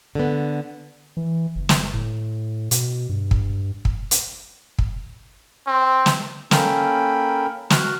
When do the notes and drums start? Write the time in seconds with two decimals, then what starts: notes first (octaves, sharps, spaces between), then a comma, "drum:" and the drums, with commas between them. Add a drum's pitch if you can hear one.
0.15 D3 B3
1.17 E3
1.55 F#1
1.69 drum: snare
1.94 A2
2.71 B2, drum: hi-hat
3.09 G2
3.31 drum: kick
3.85 drum: kick
4.11 drum: hi-hat
4.79 drum: kick
5.67 C4
6.06 drum: snare
6.51 A#3 C#4 A4 A#4 G5 B5, drum: snare
7.70 F#4 F6 F#6, drum: snare